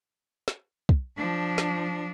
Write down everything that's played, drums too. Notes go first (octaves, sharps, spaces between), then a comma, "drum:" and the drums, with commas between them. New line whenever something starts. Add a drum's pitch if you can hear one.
drum: snare
drum: kick
F3 D4
drum: snare